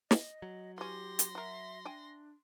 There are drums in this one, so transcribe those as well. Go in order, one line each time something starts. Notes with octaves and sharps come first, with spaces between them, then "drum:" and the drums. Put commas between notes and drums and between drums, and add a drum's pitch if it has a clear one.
D#5, drum: snare
F#3
E3 C#4 G4 C6 A#6
drum: hi-hat
F#4 A#4 E5
D4 E5 G5 G#5